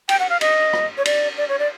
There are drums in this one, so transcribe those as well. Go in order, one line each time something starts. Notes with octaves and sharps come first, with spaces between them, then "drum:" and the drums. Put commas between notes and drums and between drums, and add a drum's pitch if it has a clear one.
G5, drum: cymbal
F#5
F5
D#5, drum: cymbal
drum: rim click
C#5
D5, drum: cymbal
D5
C#5
D5